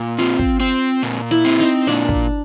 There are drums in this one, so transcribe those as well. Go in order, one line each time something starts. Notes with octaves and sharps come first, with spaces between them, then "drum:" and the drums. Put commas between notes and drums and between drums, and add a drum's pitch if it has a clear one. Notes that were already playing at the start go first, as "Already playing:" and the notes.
Already playing: A#2
C4 F4
drum: kick
C4
A#2
E4
C4
D#4
A#2 D4
drum: kick